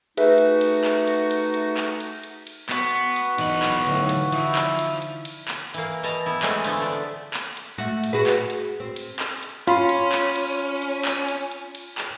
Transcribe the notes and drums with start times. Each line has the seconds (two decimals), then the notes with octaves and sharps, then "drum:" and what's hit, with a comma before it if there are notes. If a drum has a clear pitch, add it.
0.17 A3 D#4 F#4 G#4 B4 E5, drum: cymbal
0.38 drum: cymbal
0.61 drum: cymbal
0.84 drum: clap
1.08 drum: cymbal
1.31 drum: cymbal
1.54 drum: cymbal
1.77 drum: clap
2.00 drum: cymbal
2.24 drum: cymbal
2.47 drum: cymbal
2.69 B3 F#4 B4, drum: clap
3.16 drum: cymbal
3.38 E1 B1 D#4 B5, drum: cymbal
3.63 drum: clap
3.87 A2 D3 D#4 F5, drum: cymbal
4.09 drum: cymbal
4.32 F3 E4, drum: cymbal
4.56 drum: clap
4.79 drum: cymbal
5.02 drum: cymbal
5.25 drum: cymbal
5.48 drum: clap
5.74 E3 A#3, drum: cymbal
6.03 B2 B3 A5 A#5
6.26 B3 E4
6.43 G#3 A3 C4 C#4, drum: clap
6.64 D3 E3 F3 A3 B3, drum: cymbal
6.82 D4
7.34 drum: clap
7.57 drum: cymbal
7.78 A3 F#4
8.04 drum: cymbal
8.13 F#4 G#4 B4
8.27 drum: clap
8.50 drum: cymbal
8.80 C4
8.96 drum: cymbal
9.20 drum: clap
9.43 drum: cymbal
9.67 C#4 F4 B5 C6, drum: cymbal
9.89 drum: cymbal
10.12 drum: clap
10.36 drum: cymbal
10.82 drum: cymbal
11.05 drum: clap
11.28 drum: cymbal
11.52 drum: cymbal
11.75 drum: cymbal
11.98 drum: clap